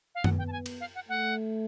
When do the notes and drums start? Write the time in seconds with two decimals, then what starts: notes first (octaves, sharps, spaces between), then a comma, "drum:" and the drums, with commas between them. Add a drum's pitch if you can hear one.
0.15 F5
0.24 B3 F#5, drum: tom F#2
0.38 G5
0.47 A5
0.52 G#5
0.66 drum: cymbal
0.80 F5
0.95 F#5
1.09 A3 F#5